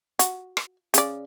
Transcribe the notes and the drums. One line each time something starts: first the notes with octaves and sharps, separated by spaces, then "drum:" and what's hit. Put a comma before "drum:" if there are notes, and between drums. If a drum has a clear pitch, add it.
F#4, drum: hi-hat
drum: rim click
C#3 D5, drum: hi-hat